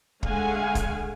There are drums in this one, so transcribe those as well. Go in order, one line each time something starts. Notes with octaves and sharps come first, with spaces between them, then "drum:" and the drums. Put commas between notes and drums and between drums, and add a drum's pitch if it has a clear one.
D3 G#3 A3 F5 F#5 G#5, drum: kick
drum: kick, hi-hat